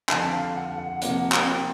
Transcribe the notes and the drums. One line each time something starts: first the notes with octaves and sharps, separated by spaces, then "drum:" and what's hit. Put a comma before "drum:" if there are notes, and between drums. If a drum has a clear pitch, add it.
F2 D3 F3 A5, drum: clap
F5
F#5
F#5
C3 F3 A#3 F#5, drum: hi-hat
G5, drum: clap
G5